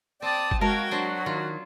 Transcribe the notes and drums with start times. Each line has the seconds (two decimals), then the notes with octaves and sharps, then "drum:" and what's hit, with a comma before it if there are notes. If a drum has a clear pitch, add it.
0.22 C4 D5 G5 A5 D#6
0.51 drum: kick
0.61 G#3 F#4 A#4 F5 G5 A5 G#6
0.91 F#3 D4 C5
1.26 D#3 F4